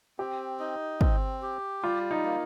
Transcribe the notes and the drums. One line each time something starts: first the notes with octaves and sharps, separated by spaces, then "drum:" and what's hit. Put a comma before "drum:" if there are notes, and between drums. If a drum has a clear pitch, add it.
C4 G4
D#4
C4, drum: kick
G4
G3 F4
D#4
A#3